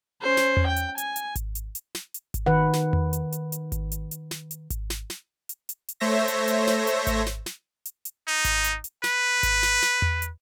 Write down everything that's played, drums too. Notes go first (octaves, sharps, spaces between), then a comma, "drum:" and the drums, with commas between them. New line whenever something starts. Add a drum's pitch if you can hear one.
C#4 C5
drum: snare
drum: tom E2
G5
drum: hi-hat
G#5, drum: hi-hat
drum: hi-hat
drum: kick G#1, hi-hat
drum: hi-hat
drum: hi-hat
drum: snare
drum: hi-hat
drum: kick G#1, hi-hat
D#3 B4 F#5
drum: snare
drum: tom E2
drum: hi-hat
drum: hi-hat
drum: hi-hat
drum: kick G#1, hi-hat
drum: hi-hat
drum: hi-hat
drum: snare
drum: hi-hat
drum: kick G#1, hi-hat
drum: snare
drum: snare
drum: hi-hat
drum: hi-hat
drum: hi-hat
A3 C5 C#5 E5 A#6
drum: hi-hat
drum: hi-hat
drum: snare
drum: hi-hat
drum: kick G#1, hi-hat
drum: snare
drum: snare
drum: hi-hat
drum: hi-hat
D#4
drum: kick G#1, hi-hat
drum: hi-hat
drum: hi-hat
B4, drum: snare
drum: kick G#1, hi-hat
drum: snare
drum: snare
drum: tom E2
drum: hi-hat